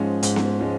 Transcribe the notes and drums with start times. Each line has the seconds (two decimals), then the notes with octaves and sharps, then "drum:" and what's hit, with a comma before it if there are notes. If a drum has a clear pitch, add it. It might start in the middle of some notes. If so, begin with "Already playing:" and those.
Already playing: G#2 F3 G#3 C#4
0.23 G#2, drum: hi-hat
0.36 drum: snare B3
0.59 F3 G#3 C#4